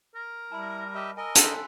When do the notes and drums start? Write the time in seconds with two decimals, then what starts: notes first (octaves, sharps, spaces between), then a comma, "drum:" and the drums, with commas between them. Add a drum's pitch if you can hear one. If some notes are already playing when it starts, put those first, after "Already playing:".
0.15 A#4
0.52 G3 E4 A5 B5
0.95 G4 D#5 E5
1.17 A#4 D#5 G#5 E6
1.35 A4 C6 F#6 B6, drum: hi-hat